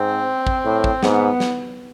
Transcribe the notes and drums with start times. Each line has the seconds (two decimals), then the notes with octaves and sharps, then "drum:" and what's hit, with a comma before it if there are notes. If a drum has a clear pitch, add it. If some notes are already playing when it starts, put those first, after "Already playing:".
Already playing: G#2 C4
0.47 drum: kick
0.65 A2
0.84 drum: kick
1.03 G#2 B3, drum: snare
1.40 drum: snare